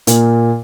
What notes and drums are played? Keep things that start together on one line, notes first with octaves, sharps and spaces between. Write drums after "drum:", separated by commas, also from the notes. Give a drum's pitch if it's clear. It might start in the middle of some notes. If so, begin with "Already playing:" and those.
A#2, drum: hi-hat